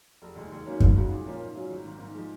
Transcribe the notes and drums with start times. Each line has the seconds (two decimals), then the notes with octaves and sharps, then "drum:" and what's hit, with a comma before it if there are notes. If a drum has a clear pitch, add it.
0.22 F1
0.36 D#2 D#3 G#3
0.52 D#2
0.66 D#3 F#3 A#3 C#4
0.80 C#2, drum: kick F#2
0.95 C#3 G#3 D#4 F#4
1.11 A#2
1.25 F3 A#3 C#4 F4
1.40 G#2
1.55 F#3 C#4 F4
1.70 G#1
1.85 G#2 D#3
1.99 G#2
2.15 F3 G#3